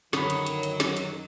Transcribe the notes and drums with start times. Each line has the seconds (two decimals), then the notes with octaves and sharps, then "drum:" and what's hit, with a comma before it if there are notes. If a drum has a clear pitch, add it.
0.13 F#2 D3 D#3 F#3 C#5 B5 D#6, drum: snare
0.30 drum: hi-hat
0.47 drum: hi-hat
0.63 drum: hi-hat
0.80 drum: snare
0.97 drum: hi-hat